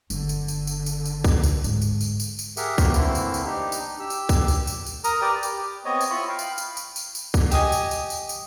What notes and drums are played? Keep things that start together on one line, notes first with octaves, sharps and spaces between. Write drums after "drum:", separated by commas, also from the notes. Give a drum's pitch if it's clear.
G1 D3, drum: tambourine
drum: tambourine
drum: tambourine
drum: tambourine
drum: tambourine
drum: tambourine
drum: kick C2, tambourine
drum: tambourine
G#2, drum: tambourine
drum: tambourine
drum: tambourine
drum: tambourine
drum: tambourine
G4 G#4 A#4 E5 F#5, drum: tambourine
B3 F#4 G4 C5, drum: kick C2, tambourine
D3 E3 A3 A#3 C4 E4, drum: tambourine
drum: tambourine
drum: tambourine
D4 D#4 G4
drum: tambourine
G4 E6
drum: tambourine
drum: kick C2, tambourine
drum: tambourine
drum: tambourine
drum: tambourine
A#4 A#5 D#6, drum: tambourine
G4 B4 D5 G5
G4, drum: tambourine
B3 C4 C#5 D#5
drum: tambourine
E4 F4 B5 C#6
F5 G5 B5
drum: tambourine
drum: tambourine
drum: tambourine
drum: tambourine
drum: tambourine
drum: kick C2, tambourine
G4 D#5 G#5, drum: tambourine
drum: tambourine
drum: tambourine
drum: tambourine
drum: tambourine